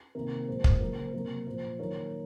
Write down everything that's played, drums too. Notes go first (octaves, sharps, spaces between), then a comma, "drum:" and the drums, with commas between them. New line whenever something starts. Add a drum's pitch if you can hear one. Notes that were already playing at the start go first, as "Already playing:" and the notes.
C3 D#3 A#3 A#4
A#2 F3 G#3 C5
drum: kick
C#3 F#3 A#3 A#4
C5
C3 F#3 A#3 A#4
A#2 F3 A#3 C5
D#3 F#3 A#3 A#4 C#5